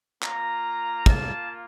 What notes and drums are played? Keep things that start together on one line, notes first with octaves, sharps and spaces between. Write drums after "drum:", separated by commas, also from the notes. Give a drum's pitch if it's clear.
A#3 F4 A#5, drum: clap
A5, drum: kick